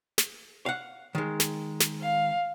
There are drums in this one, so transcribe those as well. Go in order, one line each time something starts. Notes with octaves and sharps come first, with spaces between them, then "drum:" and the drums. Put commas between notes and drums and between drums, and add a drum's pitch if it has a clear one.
drum: snare
F5 F#5
D#3 G#3
drum: snare
drum: snare
F5